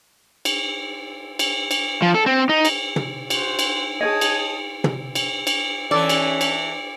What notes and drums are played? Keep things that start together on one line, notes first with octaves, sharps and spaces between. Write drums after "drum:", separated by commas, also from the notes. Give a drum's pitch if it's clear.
drum: cymbal
drum: cymbal
drum: cymbal
F3
A4
C4
D#4
drum: cymbal
drum: tom
F#4 C5, drum: cymbal
drum: cymbal
G#4 C#5 D#5 G#5 A5 D#6
drum: cymbal
drum: tom
drum: cymbal
drum: cymbal
E3 C#4 A4 D5
drum: cymbal
drum: cymbal